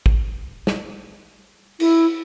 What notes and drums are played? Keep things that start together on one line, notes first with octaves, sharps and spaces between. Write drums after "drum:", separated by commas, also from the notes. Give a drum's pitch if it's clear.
drum: kick
drum: snare
E4, drum: cymbal